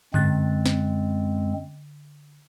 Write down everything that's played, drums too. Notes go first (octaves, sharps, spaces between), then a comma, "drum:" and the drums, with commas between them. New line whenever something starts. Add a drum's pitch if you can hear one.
F#2 D3 G#3 C4 F#6 A6, drum: tom G2
drum: snare